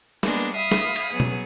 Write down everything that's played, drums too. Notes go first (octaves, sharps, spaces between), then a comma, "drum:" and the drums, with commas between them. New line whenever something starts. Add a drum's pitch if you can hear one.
G3 G#3 A#3 B3 D4, drum: snare
E5 F5 B5 D#6
drum: snare
drum: cymbal
F#3 B3 G#4
drum: tom B2